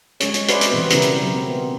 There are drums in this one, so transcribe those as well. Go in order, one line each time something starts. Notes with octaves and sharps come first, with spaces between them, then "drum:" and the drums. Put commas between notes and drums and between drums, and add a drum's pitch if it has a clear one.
G#3 C#4 C#5, drum: hi-hat
drum: hi-hat
F#4 G#4 B4 C5 D5 E5, drum: hi-hat
drum: hi-hat
B2 E3 G3 B3 C4 B4
C#3 B3 E4 G4 A#4, drum: hi-hat
drum: hi-hat
F#3 C5
B3 C4